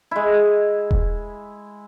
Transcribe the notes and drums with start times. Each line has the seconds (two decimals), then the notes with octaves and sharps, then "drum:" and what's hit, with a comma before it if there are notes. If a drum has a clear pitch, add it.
0.11 G#3 E4
0.91 drum: kick E1